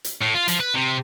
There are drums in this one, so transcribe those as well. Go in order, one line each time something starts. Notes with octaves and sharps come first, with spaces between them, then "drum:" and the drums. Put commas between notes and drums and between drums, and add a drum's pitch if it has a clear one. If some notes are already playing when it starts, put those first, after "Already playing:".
drum: hi-hat
A2
F4
F3, drum: hi-hat
B4
C3